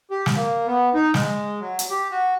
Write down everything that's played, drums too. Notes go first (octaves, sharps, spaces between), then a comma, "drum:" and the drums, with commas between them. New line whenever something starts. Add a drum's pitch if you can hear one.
G4
drum: snare
A#3
B3
D#4
G#3, drum: snare
F#3
drum: hi-hat
G4
F#4